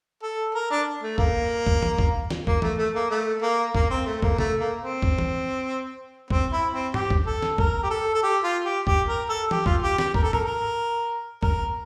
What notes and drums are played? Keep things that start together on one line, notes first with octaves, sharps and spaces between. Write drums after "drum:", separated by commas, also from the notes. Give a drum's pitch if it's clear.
A4
A#4
D4
A3
A#3, drum: kick
drum: kick
drum: tom
drum: kick
drum: snare
A#3, drum: kick
A3, drum: tom
A3
A#3
A3
A#3
A#3, drum: kick
C4
A3
A#3, drum: kick
A3, drum: tom
A#3
C4
drum: kick
drum: tom
C4, drum: kick
E4
C4
G4, drum: tom
drum: kick
A4
drum: snare
A#4, drum: kick
G4
A4
A4
G4
F4
G4
G4, drum: kick
A#4
A4
G4, drum: tom
F4, drum: kick
G4
G4, drum: snare
A#4, drum: kick
A4
A#4, drum: tom
A#4
A#4, drum: kick